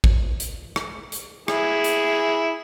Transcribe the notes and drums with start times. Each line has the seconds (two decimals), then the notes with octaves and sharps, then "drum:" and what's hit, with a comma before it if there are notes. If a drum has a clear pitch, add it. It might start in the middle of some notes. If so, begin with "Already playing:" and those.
0.04 drum: kick
0.40 drum: hi-hat
0.76 drum: rim click
1.12 drum: hi-hat
1.48 E4 G#4, drum: rim click
1.84 drum: hi-hat